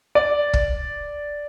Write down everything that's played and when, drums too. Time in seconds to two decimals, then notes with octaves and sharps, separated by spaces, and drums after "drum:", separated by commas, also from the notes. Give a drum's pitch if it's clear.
0.15 D5
0.53 drum: kick